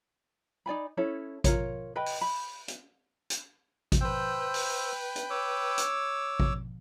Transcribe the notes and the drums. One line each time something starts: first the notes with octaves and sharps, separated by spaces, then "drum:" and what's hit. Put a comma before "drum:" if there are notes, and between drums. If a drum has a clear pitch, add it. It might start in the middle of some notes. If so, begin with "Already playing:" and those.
D#4 D5 G#5 B5
C#4 E4 A4 C#5
F4 A#4 C#5, drum: kick A1, hi-hat
B4 D#5 G5 B5
drum: open hi-hat
B5
drum: hi-hat
drum: hi-hat
drum: kick A1, hi-hat
B4 C5 G5 E6
drum: open hi-hat
drum: hi-hat
C#5 D6 E6
drum: hi-hat
drum: kick A1